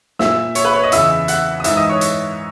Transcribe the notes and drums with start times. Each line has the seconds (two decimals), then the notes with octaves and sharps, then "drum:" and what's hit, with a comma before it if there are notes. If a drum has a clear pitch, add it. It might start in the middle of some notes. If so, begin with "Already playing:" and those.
0.19 A#2 E5 E6, drum: snare
0.55 C#5 C#6, drum: hi-hat
0.65 B4 B5
0.73 C#5 C#6
0.83 D#5 D#6
0.92 E2 C#3 E3 E5 E6, drum: hi-hat
1.28 F#5 F#6, drum: hi-hat
1.60 D#6
1.64 G#2 E3 E5 E6, drum: hi-hat
1.77 D#5 D#6
1.89 C#5 C#6
2.01 drum: hi-hat